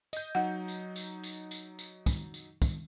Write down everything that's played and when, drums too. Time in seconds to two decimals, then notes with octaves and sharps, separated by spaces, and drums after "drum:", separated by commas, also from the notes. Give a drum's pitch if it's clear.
0.13 D#5 G6, drum: tambourine
0.35 F#3 D#4 F#5
0.68 drum: tambourine
0.96 drum: tambourine
1.23 drum: tambourine
1.51 drum: tambourine
1.79 drum: tambourine
2.06 drum: kick, tambourine
2.34 drum: tambourine
2.62 drum: kick, tambourine